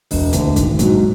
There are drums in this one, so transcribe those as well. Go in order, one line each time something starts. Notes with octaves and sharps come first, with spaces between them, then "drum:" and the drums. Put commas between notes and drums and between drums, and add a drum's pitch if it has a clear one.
E1, drum: kick, open hi-hat
D2 D3, drum: hi-hat
G#1, drum: kick, hi-hat
G#2 F#3, drum: hi-hat